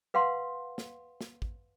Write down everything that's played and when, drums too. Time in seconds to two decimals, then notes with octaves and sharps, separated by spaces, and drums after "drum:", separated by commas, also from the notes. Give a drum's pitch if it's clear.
0.14 B4 F5 F#5 C6
0.78 drum: snare
1.21 drum: snare
1.42 drum: kick